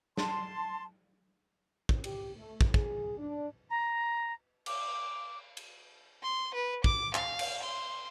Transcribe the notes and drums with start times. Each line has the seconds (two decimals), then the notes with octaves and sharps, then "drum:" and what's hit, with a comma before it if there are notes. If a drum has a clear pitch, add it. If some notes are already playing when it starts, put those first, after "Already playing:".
0.17 A5 C6, drum: snare
1.89 drum: kick
2.04 G4, drum: cymbal
2.36 A3
2.61 drum: kick
2.74 G#4, drum: kick
3.18 D4
3.69 A#5
4.66 D6, drum: cymbal
5.57 drum: cymbal
6.23 C6
6.54 B4
6.84 D6, drum: kick
7.14 F5, drum: clap
7.39 drum: cymbal
7.63 C6